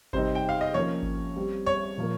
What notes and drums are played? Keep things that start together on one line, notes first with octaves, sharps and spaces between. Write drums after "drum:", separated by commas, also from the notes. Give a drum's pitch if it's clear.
C3 G3 C4 D#4 C5, drum: kick G#1
G5
F5
D#5
F3 A#3 C#4 C#5
drum: kick G#1
G3 C4 G4
C#5
A#2 F3 A#3